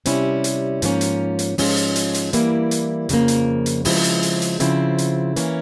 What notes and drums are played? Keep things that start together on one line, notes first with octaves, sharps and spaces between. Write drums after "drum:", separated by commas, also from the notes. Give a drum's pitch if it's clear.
C3 G3 C#4 E4, drum: hi-hat
drum: hi-hat
G#2 F3 A#3 C#4, drum: hi-hat
drum: hi-hat
drum: hi-hat
G#2 F3 G#3 C#4 F4, drum: open hi-hat
drum: hi-hat
drum: hi-hat
drum: hi-hat
E3 G3 A#3 E4, drum: hi-hat
drum: hi-hat
F2 C#3 F3 A#3, drum: hi-hat
drum: hi-hat
drum: hi-hat
C#3 F3 G#3 C4 E4, drum: open hi-hat
drum: hi-hat
drum: hi-hat
drum: hi-hat
C#3 F3 C4 E4, drum: hi-hat
drum: hi-hat
E3 A#3 C#4, drum: hi-hat